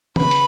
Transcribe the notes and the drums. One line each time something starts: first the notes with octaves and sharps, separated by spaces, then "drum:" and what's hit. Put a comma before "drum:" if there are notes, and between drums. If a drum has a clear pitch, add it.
C#3 B4 B5, drum: tom D#3
drum: hi-hat